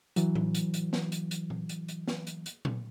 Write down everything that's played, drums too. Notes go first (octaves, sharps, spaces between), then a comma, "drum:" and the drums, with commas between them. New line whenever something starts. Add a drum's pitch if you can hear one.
E3 F#3, drum: hi-hat
drum: tom A2
drum: hi-hat
drum: hi-hat
drum: snare
drum: hi-hat
drum: hi-hat
drum: tom A#2
drum: hi-hat
drum: hi-hat
drum: snare
drum: hi-hat
drum: hi-hat
drum: tom A#2